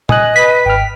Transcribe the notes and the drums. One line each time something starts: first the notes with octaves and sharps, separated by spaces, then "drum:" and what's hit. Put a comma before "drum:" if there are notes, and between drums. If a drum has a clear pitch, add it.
D#5 G#5 D#6 F#6, drum: tom A#2
B4 B6
G#1 G5 F6